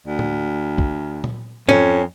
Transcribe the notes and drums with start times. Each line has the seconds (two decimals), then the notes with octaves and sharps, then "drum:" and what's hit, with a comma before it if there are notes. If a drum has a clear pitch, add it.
0.07 D2
0.19 drum: tom A2
0.78 drum: kick
1.24 drum: tom A#2
1.69 F2 C#4, drum: tom